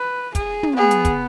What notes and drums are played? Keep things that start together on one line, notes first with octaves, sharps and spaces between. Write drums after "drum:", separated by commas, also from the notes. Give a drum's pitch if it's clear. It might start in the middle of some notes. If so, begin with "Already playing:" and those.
Already playing: B4
G#4, drum: kick, hi-hat
drum: tom
B3 G#4
drum: hi-hat
drum: kick, hi-hat